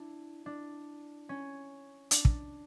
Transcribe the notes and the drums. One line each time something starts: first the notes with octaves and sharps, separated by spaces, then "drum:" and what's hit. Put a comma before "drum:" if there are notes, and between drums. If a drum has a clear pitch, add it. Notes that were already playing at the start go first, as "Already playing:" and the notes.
Already playing: D4 E4
D4
C#4
D4, drum: hi-hat
drum: kick